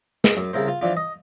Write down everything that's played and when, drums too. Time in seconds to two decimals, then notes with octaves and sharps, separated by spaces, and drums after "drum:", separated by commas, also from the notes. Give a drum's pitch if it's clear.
0.24 G#3, drum: snare
0.37 F#2
0.53 C2 C#3 E4 A#4 C5
0.68 F4
0.81 E3 F3 D4 F4
0.97 D#5